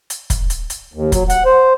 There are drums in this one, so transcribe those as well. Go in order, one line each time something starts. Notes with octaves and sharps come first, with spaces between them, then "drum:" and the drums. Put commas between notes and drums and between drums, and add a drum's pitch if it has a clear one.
drum: hi-hat
drum: kick, hi-hat
drum: hi-hat
drum: hi-hat
D#2
F#3, drum: kick, hi-hat
F#5, drum: hi-hat
C5